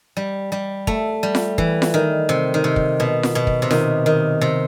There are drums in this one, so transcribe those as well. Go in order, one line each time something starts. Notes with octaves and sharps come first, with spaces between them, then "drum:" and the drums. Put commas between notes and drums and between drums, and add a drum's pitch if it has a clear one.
G3
G3
A3, drum: kick
G3
drum: snare F4
E3, drum: kick
drum: snare F4
D#3
C3
D#3
C3
drum: kick
B2
drum: snare F4
B2
drum: kick
C3
D#3, drum: snare F4
D#3
C3